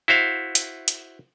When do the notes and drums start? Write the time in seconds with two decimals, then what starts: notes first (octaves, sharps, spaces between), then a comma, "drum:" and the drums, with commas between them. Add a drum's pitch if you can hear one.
0.08 E4 F#4 C5 F5
0.55 drum: hi-hat
0.88 drum: hi-hat